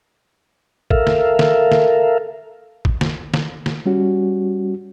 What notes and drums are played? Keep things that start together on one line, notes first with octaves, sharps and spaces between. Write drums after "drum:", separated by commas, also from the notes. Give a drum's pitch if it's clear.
A4 A#4 E5 F5, drum: kick G#1
drum: snare
drum: snare
drum: snare
drum: kick G#1
drum: snare
drum: snare
drum: snare
G3 C#4 F#4